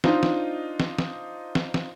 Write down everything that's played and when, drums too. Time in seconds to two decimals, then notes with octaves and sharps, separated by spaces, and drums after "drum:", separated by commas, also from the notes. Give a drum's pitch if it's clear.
0.04 D4 D#4 F4 C5 D#5, drum: snare
0.23 drum: snare
0.80 drum: snare
0.98 drum: snare
1.55 drum: snare
1.74 drum: snare